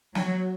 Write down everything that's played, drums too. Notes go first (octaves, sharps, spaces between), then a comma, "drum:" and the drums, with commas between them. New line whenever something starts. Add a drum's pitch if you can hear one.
F#3, drum: snare